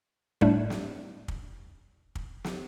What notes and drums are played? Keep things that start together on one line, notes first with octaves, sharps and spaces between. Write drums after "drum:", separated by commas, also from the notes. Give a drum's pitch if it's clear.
A2 G3 A3 D4, drum: kick
drum: snare
drum: kick
drum: kick
drum: snare